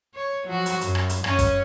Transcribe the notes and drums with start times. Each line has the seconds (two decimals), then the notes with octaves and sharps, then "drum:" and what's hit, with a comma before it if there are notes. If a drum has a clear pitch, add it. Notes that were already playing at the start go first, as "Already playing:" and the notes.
0.14 C#5
0.46 F3 F#3 F#4
0.66 drum: hi-hat
0.81 F#2, drum: hi-hat
0.95 drum: rim click
1.09 drum: hi-hat
1.24 F#2 C#4 C#5, drum: rim click
1.39 drum: kick, hi-hat